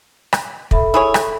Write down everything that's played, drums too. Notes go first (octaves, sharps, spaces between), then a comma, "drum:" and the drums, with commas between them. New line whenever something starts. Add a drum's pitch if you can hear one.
drum: rim click
A4 E5 B5, drum: kick
E4 G#4 C#5
drum: rim click